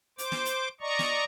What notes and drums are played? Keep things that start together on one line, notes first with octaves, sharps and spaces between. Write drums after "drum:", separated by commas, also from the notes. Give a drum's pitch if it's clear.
C5 D6, drum: hi-hat
drum: snare
drum: hi-hat
D5 D#5 A#5 C#6
drum: snare